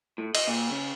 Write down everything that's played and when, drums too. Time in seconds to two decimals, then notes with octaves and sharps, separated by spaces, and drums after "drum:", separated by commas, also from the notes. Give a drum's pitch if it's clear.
0.18 A2
0.35 D#5, drum: cymbal
0.47 A#2
0.71 C#3